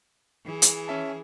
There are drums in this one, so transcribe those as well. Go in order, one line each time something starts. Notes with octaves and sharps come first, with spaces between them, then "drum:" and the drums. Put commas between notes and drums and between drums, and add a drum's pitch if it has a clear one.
E3 G#4
drum: hi-hat
C#4 E5 A5